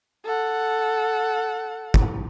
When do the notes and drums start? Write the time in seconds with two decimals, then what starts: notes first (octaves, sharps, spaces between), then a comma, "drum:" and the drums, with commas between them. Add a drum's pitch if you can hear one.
0.25 A4 F#5
1.94 drum: kick